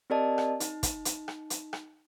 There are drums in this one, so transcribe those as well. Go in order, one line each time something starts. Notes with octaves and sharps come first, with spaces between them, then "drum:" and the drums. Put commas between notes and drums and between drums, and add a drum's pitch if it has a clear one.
C4 G4 A#4 D5 D#5 A5
drum: rim click
D#4, drum: hi-hat
drum: kick, hi-hat
drum: hi-hat
drum: rim click
drum: hi-hat
drum: rim click